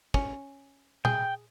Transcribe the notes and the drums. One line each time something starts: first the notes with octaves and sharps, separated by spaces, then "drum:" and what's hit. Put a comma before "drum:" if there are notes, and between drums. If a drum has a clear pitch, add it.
C#4, drum: kick
G#4 G5, drum: tom A#2